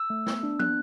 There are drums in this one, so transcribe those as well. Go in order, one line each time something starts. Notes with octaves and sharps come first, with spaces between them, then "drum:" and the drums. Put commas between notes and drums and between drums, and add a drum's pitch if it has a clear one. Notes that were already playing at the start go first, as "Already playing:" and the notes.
Already playing: E6
A3
B3, drum: snare
D4
B3 F#6, drum: tom